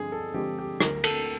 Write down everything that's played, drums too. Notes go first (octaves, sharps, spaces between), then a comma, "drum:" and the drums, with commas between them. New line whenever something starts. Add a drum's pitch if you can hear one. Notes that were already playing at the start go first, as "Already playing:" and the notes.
Already playing: G2 D3 F3 G#3 C4 G#4
A4
D3 F3 G#3 C4 G4
G4
D2 A#4, drum: rim click
A4, drum: cymbal